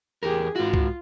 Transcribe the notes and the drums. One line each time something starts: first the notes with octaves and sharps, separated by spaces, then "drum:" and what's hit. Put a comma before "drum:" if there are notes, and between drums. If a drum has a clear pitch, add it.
E2 G4 G#4 A#4
G#2 F4 F#4
drum: kick C2